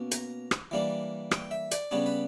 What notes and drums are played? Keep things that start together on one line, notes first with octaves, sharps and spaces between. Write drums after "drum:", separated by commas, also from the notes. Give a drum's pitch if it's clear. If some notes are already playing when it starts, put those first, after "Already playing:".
Already playing: B2 A#3 C#4
A#5, drum: hi-hat
drum: rim click
E3 G3 A#3 D4
G5, drum: rim click
E5
D5, drum: hi-hat
C#3 G3 B3 D4 C#5
B4